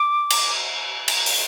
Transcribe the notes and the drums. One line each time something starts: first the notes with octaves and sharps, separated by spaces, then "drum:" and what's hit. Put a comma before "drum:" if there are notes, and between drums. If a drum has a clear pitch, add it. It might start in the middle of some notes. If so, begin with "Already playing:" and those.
Already playing: D6
drum: cymbal
drum: cymbal
drum: open hi-hat